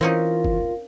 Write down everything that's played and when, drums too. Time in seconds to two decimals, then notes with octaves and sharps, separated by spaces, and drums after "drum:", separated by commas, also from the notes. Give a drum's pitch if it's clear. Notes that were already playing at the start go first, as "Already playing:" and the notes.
0.01 E3 C4 C#4 D#4 F4 A#4 F5
0.44 drum: kick F#1